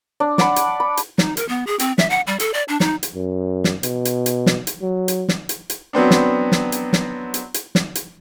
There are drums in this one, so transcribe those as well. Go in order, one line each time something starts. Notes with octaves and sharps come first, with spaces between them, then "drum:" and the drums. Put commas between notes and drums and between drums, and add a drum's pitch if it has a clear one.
D4
D5 F#5 B5, drum: snare
drum: hi-hat
B5
drum: hi-hat
D#4, drum: snare
A#4, drum: hi-hat
B3
G#4
C4, drum: hi-hat
E5, drum: snare
F#5
G3
A4, drum: hi-hat
D5
D4
D#4, drum: snare
drum: hi-hat
F#2
drum: snare
B2, drum: hi-hat
drum: hi-hat
drum: hi-hat
drum: snare
drum: hi-hat
F#3
drum: hi-hat
drum: snare
drum: hi-hat
drum: hi-hat
F#3 B3 C4 D4
drum: snare
drum: snare
drum: hi-hat
drum: snare
drum: hi-hat
drum: hi-hat
drum: snare
drum: hi-hat